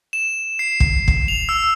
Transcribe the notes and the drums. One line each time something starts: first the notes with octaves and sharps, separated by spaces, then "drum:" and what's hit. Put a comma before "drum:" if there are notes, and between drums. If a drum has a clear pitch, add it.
E7
C7
drum: kick
drum: kick
F7
E6